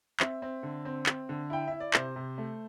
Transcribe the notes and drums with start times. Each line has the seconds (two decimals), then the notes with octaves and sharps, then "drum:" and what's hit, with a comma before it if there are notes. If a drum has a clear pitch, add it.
0.20 C4 E5, drum: clap
0.42 C4
0.63 D3
0.85 C4
1.06 C4, drum: clap
1.29 D3
1.50 E4 G5
1.68 E4 E5
1.80 D5
1.94 C3 C5, drum: clap
2.16 C3
2.38 A3